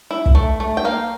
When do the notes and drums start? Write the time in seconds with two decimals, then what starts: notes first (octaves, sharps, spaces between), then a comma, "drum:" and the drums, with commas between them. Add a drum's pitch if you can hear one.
0.11 E4
0.26 drum: kick
0.35 A3
0.60 A3
0.77 G5
0.85 A#3 F5